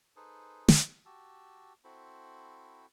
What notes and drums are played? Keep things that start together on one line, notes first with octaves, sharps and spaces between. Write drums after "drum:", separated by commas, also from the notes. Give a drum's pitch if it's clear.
D#4 G#4 A4 B4 C5
drum: snare
F#4 G4 A5 E6
C4 E4 F#4 A4 C5 B5